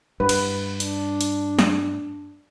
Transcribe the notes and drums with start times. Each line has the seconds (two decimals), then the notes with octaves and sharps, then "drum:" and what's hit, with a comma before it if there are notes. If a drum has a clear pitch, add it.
0.20 G2 B4
0.29 drum: cymbal
0.80 D4, drum: hi-hat
1.21 drum: hi-hat
1.59 drum: snare